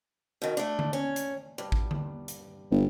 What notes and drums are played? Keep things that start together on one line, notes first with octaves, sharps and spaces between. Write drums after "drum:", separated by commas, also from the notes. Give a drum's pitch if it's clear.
B2 D#3
A3 D4
drum: tom D3
C#4
drum: hi-hat
G2
drum: kick A1
drum: tom D3
drum: hi-hat
G1